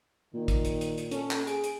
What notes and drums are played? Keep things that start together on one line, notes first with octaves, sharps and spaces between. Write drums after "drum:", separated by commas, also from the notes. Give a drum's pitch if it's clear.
A#2 D#3
drum: kick, hi-hat
drum: hi-hat
drum: hi-hat
drum: hi-hat
C#4 A4, drum: hi-hat
drum: clap
G#4 D7, drum: hi-hat
drum: hi-hat